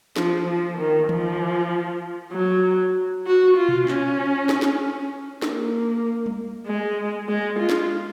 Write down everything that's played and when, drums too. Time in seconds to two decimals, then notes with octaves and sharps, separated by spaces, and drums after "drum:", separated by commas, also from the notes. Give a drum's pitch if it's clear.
0.16 F3, drum: snare
0.47 F3
0.78 D#3
1.09 F3, drum: tom D#3
2.33 F#3
3.27 F#4
3.57 F4
3.69 drum: tom B2
3.88 C#4, drum: clap
4.49 drum: snare
4.62 drum: snare
5.42 A#3, drum: snare
6.26 drum: tom G3
6.66 G#3
7.28 G#3
7.60 F4
7.70 drum: snare